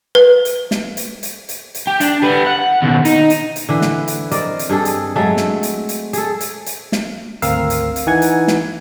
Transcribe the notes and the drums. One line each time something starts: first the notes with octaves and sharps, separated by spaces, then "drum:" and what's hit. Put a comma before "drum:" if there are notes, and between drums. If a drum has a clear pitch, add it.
B4
drum: hi-hat
drum: snare
drum: hi-hat
drum: hi-hat
drum: hi-hat
drum: hi-hat
G4
D4, drum: hi-hat
G3 B3
F#5
D#2 B2
D#4, drum: hi-hat
drum: hi-hat
drum: hi-hat
D3 E3 B4
drum: snare
drum: hi-hat
C4 A#4 D5 D#5, drum: hi-hat
drum: hi-hat
G2 G#4 A4
drum: hi-hat
F#3 G#3 A3 A4
drum: snare
drum: hi-hat
drum: hi-hat
G#4 A4, drum: hi-hat
drum: hi-hat
drum: hi-hat
drum: snare
G#1 D2 C4 A#4 F5 E6, drum: hi-hat
drum: hi-hat
drum: hi-hat
E3 D#4 F#5 G#5 G#6
drum: hi-hat
drum: snare